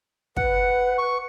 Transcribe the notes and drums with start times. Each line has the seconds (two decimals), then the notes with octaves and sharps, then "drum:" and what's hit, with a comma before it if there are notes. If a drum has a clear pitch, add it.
0.37 B4 F#5, drum: kick
0.98 C#6